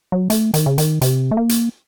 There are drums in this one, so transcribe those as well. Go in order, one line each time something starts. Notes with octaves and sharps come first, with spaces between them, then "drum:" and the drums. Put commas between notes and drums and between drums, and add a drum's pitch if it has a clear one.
F#3
A3, drum: hi-hat
D#3, drum: hi-hat
C#3
D#3, drum: hi-hat
C3, drum: hi-hat
A3
A#3
drum: hi-hat